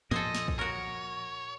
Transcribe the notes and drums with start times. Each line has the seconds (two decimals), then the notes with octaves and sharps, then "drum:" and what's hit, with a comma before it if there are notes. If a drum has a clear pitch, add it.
0.11 A#2 F3 A#3 A4 C5 D#5 G#5
0.35 drum: snare
0.48 drum: kick
0.59 F#4 A#4 C#5